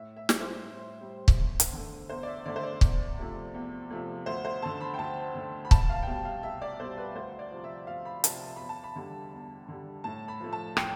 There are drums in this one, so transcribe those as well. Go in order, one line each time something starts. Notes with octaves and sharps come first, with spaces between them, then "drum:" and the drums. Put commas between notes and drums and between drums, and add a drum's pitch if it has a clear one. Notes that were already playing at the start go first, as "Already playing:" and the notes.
Already playing: A2 E5
E5
G3, drum: snare
C5
A2
G3
drum: kick
E2
drum: hi-hat
D3 A3
E2 C5
D5
E5
D3 A3 D5
C5
D5
E2, drum: kick
C3 F3 A3
E2
C3 F3 A3
D2 C5
C5
D3 A3 A5
B5
G5
D2 A5
D3 A3
B5
C2 A5, drum: kick
F5
G5
B2 G3 F5
F5
C2 E5
D5
B2 G3 C5
B4
D2 C5
D5
C3 F3
E5
D2 F5
B5
C3 F3 A5, drum: hi-hat
E2 B5
A5
B5
D3 G3
E2
D3 G3
A2 A5
B5
F3 A3
A5
A2 G5, drum: rim click